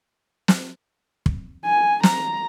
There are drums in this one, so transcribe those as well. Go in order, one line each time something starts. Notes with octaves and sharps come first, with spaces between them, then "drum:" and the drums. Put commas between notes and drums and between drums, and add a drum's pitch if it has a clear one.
drum: snare
drum: kick
G#5
A#5, drum: snare